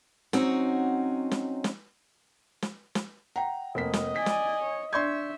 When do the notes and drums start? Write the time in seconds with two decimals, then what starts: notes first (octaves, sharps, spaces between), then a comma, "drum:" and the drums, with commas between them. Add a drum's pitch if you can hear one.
0.33 F#3 C4 C#4 D#4 F#4, drum: snare
1.31 drum: snare
1.64 drum: snare
2.62 drum: snare
2.95 drum: snare
3.36 F#5 G5 A#5
3.75 F1 A#3 D#5 B6
3.93 drum: snare
4.16 D5 G#5 B6
4.26 drum: snare
4.63 C#5
4.93 D4 D5 E5 C6 C#6 G6 G#6